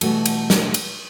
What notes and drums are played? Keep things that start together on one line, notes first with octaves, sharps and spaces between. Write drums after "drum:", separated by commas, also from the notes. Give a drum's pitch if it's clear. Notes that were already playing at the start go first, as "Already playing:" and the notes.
B2 E3 G3 A3 F#4 A4, drum: cymbal
drum: cymbal
drum: snare
drum: cymbal